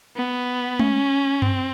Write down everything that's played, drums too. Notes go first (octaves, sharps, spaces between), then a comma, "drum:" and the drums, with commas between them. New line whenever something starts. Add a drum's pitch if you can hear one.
B3
C#4, drum: tom G#3
C4, drum: tom G2